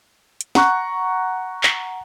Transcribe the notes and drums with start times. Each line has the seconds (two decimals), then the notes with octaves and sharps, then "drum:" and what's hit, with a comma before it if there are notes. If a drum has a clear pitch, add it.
0.41 drum: hi-hat
0.55 F#5 A#5 C#6 F#6, drum: snare
1.63 drum: clap